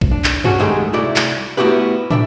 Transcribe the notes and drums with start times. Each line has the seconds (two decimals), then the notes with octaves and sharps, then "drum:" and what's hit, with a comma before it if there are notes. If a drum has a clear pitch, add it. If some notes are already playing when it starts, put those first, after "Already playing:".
0.01 drum: kick B1
0.11 D4
0.24 drum: clap
0.44 C#4 D4 F#4 G#4, drum: tom G2
0.59 D#3 G#3 A3 G4 G#4
0.93 C2 A3 E4 F#4 D5
1.16 drum: clap
1.57 A3 B3 E4 F#4 G4 B4
2.11 D4 E5 G5, drum: tom